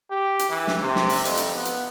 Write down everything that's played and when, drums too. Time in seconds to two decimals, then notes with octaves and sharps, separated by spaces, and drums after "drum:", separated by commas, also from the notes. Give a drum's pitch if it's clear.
0.11 G4
0.39 drum: hi-hat
0.50 E3
0.67 drum: snare
0.81 C3
0.95 drum: snare
1.09 drum: open hi-hat
1.25 F2, drum: hi-hat
1.37 drum: hi-hat
1.56 B3
1.65 drum: hi-hat